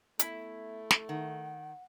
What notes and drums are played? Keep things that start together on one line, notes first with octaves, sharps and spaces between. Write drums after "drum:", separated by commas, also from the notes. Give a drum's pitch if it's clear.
A3 B3 E4, drum: hi-hat
drum: snare
D#3 F#5